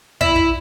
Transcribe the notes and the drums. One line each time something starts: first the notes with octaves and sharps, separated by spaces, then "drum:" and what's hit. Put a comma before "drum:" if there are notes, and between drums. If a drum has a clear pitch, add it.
E4, drum: kick
drum: kick